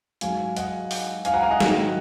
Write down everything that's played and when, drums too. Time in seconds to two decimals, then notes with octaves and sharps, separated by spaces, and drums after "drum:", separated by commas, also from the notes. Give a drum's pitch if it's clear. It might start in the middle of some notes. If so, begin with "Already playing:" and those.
0.21 G#2 F#3 F5 G#5, drum: hi-hat
0.57 D#5 F#5, drum: hi-hat
0.91 drum: open hi-hat
1.25 F5 G#5, drum: hi-hat
1.33 F#5 A#5
1.42 F5 G#5
1.51 D#5 F#5
1.60 G#2 D#3 F#3, drum: snare